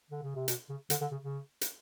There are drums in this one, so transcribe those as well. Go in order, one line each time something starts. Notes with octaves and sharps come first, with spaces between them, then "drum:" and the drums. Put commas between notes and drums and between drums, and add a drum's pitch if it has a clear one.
D3
C#3
C3
B2, drum: hi-hat
C#3
D3, drum: hi-hat
D3
C#3
C#3
drum: hi-hat